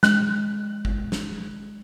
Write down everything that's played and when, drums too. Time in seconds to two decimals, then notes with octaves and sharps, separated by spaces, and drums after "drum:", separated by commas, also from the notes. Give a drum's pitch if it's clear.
0.03 G#3 F#6, drum: snare
0.85 drum: kick G#1
1.12 drum: snare